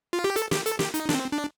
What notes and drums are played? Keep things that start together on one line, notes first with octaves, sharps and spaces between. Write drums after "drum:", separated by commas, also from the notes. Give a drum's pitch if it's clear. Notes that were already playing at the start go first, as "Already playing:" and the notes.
F4
G4
A4, drum: hi-hat
G4, drum: snare
A4, drum: hi-hat
G4, drum: snare
D#4, drum: hi-hat
D4, drum: snare
C4
D4